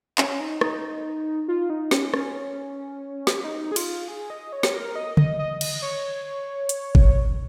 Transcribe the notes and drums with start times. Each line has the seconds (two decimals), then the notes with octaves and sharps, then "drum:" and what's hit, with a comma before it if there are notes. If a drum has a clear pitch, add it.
0.18 C#4, drum: clap
0.40 D#4
0.61 D#4, drum: rim click
1.48 F4
1.70 D#4
1.91 C#4, drum: snare
2.14 C#4, drum: rim click
3.27 drum: snare
3.44 D#4
3.72 G#4
3.76 F4, drum: cymbal
4.08 G#4
4.30 D#5
4.53 C#5
4.63 drum: snare
4.73 A#4
4.96 D#5
5.17 D#5, drum: tom
5.39 D#5
5.61 D#5, drum: cymbal
5.82 C#5
6.69 drum: hi-hat
6.95 drum: kick G1